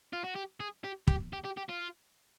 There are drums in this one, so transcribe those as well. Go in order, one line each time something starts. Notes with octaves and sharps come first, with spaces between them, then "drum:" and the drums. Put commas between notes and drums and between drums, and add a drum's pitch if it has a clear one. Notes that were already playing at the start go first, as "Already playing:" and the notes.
F4
F#4
G4
G#4
G4
G4, drum: kick
G4
G4
G4
F4